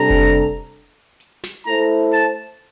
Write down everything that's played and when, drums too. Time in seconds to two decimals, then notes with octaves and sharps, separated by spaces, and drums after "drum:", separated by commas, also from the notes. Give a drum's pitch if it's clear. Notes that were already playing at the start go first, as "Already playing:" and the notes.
Already playing: C3 G3 D4 A4 A#5
0.10 drum: kick F1
1.20 drum: hi-hat
1.43 drum: snare
1.66 A3 E4 A4 C5 A#5
2.13 A5